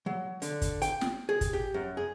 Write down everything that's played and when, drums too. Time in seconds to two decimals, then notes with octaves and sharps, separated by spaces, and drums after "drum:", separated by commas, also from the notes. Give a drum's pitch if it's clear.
0.06 F#3
0.42 D3, drum: hi-hat
0.62 drum: kick, hi-hat
0.82 G5, drum: hi-hat
1.01 drum: snare
1.29 G#4
1.41 drum: kick, hi-hat
1.53 G4
1.74 F#2
1.97 G#4